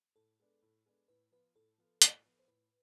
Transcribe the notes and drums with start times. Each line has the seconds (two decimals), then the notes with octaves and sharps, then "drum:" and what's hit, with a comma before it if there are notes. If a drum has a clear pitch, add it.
0.16 A2 A4
0.40 G#3 B3 D4
0.62 A2
0.86 G#3 B3 D4
1.08 A2 B4
1.32 F3 B3 F4 B4
1.55 A2 A4
1.78 F3 B3 F4
2.02 A2, drum: hi-hat
2.25 F3 B3 F4
2.39 C5
2.48 A2 B4